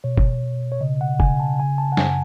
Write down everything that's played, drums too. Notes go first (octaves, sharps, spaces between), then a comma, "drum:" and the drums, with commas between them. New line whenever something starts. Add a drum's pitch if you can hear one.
B2 C#5
drum: kick
B2
C#5
C#3 D#5
F#5
C#3 G#5, drum: kick
A5
C#3 G#5
A5
F#5
F#2 G#5, drum: snare